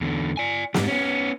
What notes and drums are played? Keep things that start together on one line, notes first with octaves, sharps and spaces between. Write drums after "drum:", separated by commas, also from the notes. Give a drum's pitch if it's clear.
E2 D3
D5 G#5
G#2 G3, drum: snare
B3 C#4